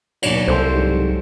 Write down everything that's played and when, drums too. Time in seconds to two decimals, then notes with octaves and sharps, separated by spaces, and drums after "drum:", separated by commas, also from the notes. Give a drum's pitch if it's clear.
0.22 D#2 B2 F#3 D5, drum: cymbal
0.48 C2 C4 A4 C5
0.72 G#2 F#3 G3